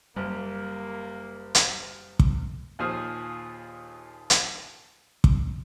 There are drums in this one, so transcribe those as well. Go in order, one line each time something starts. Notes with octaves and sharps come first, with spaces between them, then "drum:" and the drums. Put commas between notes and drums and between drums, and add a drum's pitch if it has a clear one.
F#1 G3 A#3
drum: hi-hat
drum: kick
D#2 A#2 F3 G#4 C5 F6
drum: hi-hat
drum: kick